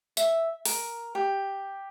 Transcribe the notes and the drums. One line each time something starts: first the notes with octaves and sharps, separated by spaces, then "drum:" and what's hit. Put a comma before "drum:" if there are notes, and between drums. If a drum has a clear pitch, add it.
E5, drum: tambourine
A#4, drum: open hi-hat
G4